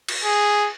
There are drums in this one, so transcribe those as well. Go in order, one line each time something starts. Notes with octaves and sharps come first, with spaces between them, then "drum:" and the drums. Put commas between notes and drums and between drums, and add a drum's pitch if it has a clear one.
drum: cymbal
G#4